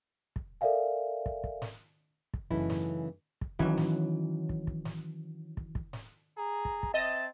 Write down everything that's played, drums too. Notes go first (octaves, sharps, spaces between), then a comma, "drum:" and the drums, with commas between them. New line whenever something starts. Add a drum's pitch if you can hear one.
drum: kick
A4 A#4 D5 E5 F5 G#5
drum: kick
drum: kick
drum: snare
drum: kick
F#2 C#3 E3 A3 D#4 E4, drum: kick
drum: snare
drum: kick
D#3 E3 F#3 C#4 E5, drum: kick
drum: snare
drum: kick
drum: kick
drum: snare
drum: kick
drum: kick
drum: snare
G#4 A#5
drum: kick
drum: kick
C4 D#5 E5 A5